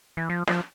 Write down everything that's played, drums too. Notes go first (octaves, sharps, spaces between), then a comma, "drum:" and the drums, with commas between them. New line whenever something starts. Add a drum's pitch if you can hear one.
E3
F3
F3, drum: snare